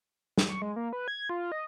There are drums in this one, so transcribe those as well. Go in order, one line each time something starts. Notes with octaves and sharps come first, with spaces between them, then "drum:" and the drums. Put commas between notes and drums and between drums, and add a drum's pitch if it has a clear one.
drum: snare
C#6
G#3
A#3
B4
G#6
F4
D#5